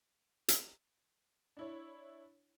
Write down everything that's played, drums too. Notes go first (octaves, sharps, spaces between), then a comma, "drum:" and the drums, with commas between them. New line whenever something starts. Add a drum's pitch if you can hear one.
drum: hi-hat
D4 E4 C#5